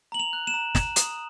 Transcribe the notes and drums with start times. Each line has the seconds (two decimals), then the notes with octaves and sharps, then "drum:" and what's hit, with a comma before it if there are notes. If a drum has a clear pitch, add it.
0.12 A#5 F#7
0.20 F7
0.33 F#6
0.47 E7
0.54 A#5
0.75 A#5 E7, drum: snare
0.96 D#6, drum: hi-hat